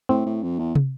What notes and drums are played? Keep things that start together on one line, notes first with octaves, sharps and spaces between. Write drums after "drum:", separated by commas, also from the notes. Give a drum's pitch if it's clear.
A2 C4
A2
F2
E2
drum: tom